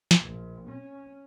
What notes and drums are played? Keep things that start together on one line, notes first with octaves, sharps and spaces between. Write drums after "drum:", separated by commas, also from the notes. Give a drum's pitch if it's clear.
drum: snare
A#1
C#4